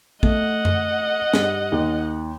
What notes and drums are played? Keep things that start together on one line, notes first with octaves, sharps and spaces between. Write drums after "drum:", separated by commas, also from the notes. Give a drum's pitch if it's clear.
A3 D#5 F#5, drum: kick
drum: tom F#2
G2, drum: snare
D#2